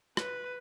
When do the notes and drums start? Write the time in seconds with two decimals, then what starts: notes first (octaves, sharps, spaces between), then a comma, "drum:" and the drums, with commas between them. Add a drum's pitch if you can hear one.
0.17 B4, drum: rim click